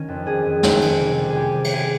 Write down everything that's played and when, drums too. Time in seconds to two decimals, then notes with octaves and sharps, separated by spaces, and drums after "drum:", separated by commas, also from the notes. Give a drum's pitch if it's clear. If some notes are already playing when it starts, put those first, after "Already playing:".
Already playing: D#3 C#4
0.08 F2
0.26 G3 G#4
0.45 F2
0.63 F2, drum: snare
0.82 D#3, drum: cymbal
1.00 C3
1.18 G3
1.30 G#4
1.36 G3 G4
1.55 G3
1.64 drum: cymbal
1.74 G#4